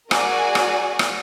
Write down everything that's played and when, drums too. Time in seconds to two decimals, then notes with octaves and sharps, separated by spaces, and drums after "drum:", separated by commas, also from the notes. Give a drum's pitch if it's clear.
0.11 F#4 G#4 A#4 D5 G#5, drum: rim click
0.55 drum: rim click
0.99 drum: rim click